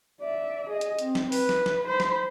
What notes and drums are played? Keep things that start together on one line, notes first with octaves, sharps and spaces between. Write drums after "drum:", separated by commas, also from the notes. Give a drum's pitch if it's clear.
D5 E5
G#4 D#5
drum: hi-hat
C4, drum: hi-hat
drum: snare
B4, drum: open hi-hat
drum: snare
drum: snare
C5 B5
drum: snare